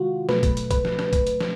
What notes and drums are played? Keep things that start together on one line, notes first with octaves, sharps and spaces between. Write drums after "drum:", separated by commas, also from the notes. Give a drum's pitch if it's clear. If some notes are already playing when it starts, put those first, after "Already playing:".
Already playing: C3 D#3 G#3 F4 F#4
B2 F#3 A3 B4, drum: snare
drum: kick, hi-hat
drum: hi-hat
B4, drum: kick, hi-hat
drum: snare
drum: snare
drum: kick, hi-hat
drum: hi-hat
drum: snare